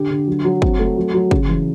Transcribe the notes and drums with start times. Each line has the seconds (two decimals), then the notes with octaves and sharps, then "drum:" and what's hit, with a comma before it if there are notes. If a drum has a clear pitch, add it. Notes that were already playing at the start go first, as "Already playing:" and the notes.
Already playing: D3 G4
0.10 D3
0.27 F#3
0.45 F#3
0.62 C4, drum: kick
0.79 A3
0.97 F#3
1.14 F#3
1.31 C#3, drum: kick
1.48 E3